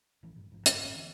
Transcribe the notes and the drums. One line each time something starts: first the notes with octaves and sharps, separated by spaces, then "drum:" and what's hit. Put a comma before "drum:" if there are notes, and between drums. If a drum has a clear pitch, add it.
A1 E3 F3 A3
G2 A#2
A1 G#2 D#3 F3
F#2 C#3 G#3 C4, drum: hi-hat
A1 A2
D3 E3 C4